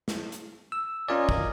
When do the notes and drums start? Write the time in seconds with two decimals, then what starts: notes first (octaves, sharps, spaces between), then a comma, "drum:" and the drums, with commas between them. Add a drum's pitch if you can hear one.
0.08 drum: snare
0.32 drum: hi-hat
0.72 E6
1.09 C#4 F4 A#4 D5 D#5 G#5
1.29 G#1, drum: kick